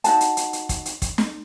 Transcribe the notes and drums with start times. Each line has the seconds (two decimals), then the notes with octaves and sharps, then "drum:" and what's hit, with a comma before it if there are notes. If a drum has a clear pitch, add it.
0.04 D#4 F#4 A5, drum: hi-hat
0.21 drum: hi-hat
0.37 drum: hi-hat
0.53 drum: hi-hat
0.69 drum: kick, hi-hat
0.85 drum: hi-hat
1.02 drum: kick, hi-hat
1.18 drum: snare